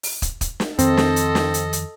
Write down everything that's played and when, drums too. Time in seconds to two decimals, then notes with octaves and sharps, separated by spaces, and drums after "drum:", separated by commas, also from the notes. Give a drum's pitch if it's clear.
0.03 drum: open hi-hat
0.22 drum: kick, hi-hat
0.41 drum: kick, hi-hat
0.60 drum: snare
0.79 F2 D#3 C4 A4 D#5, drum: hi-hat
0.97 drum: snare
1.16 drum: hi-hat
1.35 drum: snare
1.54 drum: hi-hat
1.73 drum: hi-hat